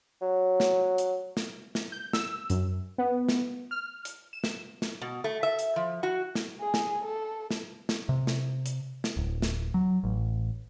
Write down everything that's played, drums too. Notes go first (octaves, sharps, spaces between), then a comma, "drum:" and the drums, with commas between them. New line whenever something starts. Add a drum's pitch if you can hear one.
F#3
drum: snare
drum: hi-hat
drum: snare
drum: snare
G6
E6, drum: snare
F#2, drum: hi-hat
B3
drum: snare
F6
drum: hi-hat
E7
drum: snare
drum: snare
B2
A3
E5
drum: hi-hat
F3
F#4
drum: snare
G#4
drum: snare
A4
drum: snare
drum: snare
C3
drum: snare
drum: hi-hat
drum: snare
D1
drum: snare
F#3
A1